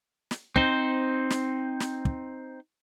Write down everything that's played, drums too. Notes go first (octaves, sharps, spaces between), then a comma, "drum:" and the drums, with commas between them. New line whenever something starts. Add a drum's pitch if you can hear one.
drum: snare
C4 D#4 C5, drum: kick
drum: snare
drum: snare
drum: kick